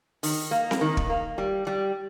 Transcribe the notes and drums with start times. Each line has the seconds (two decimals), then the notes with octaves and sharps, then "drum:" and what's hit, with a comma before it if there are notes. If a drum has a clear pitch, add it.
0.23 D#3, drum: open hi-hat
0.51 A#3
0.71 drum: snare C4
0.81 D#3
0.97 drum: kick
1.10 A#3
1.38 G3
1.67 G3